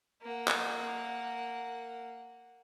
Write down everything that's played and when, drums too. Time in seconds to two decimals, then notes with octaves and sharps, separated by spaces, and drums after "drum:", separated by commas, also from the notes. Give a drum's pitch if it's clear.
0.22 A#3 F#5
0.48 drum: clap